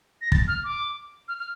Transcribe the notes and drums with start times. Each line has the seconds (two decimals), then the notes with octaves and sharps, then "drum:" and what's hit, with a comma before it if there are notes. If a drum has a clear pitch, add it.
0.22 A#6
0.32 A6, drum: kick
0.48 F6
0.64 D6
1.28 F6
1.39 F6